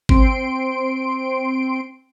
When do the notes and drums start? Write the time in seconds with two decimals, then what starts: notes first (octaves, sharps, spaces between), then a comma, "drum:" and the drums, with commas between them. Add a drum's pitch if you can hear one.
0.09 C4 C6 D7, drum: kick G#1